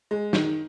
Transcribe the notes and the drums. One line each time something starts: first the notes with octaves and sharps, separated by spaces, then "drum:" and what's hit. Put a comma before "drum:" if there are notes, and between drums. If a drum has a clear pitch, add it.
G#3
D#3, drum: snare